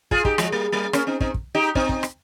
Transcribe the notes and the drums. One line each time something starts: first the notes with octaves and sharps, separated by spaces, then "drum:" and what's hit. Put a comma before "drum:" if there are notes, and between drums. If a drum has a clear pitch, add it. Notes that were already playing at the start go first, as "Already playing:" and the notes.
F4 G#4, drum: kick
D#4 G4, drum: kick
F3 G#3, drum: rim click
G3 A#3
G3 A#3
A#3 C#4, drum: rim click
C4 D#4
C4 D#4, drum: kick
drum: kick
D#4 G4
C4 D#4, drum: kick
drum: kick
drum: rim click